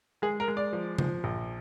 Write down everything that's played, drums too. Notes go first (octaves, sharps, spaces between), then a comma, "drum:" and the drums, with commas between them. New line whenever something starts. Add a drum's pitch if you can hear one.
G#3 G#4
A#4
G#3
D5
F3
F3, drum: tom C#3
A#1